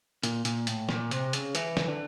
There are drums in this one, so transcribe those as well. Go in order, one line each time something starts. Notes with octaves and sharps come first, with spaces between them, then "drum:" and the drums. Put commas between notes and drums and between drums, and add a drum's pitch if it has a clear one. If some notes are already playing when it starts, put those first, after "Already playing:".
A#2, drum: hi-hat
A#2, drum: hi-hat
A2, drum: hi-hat
A#2, drum: snare
C3, drum: hi-hat
C#3, drum: hi-hat
E3, drum: hi-hat
drum: snare
D3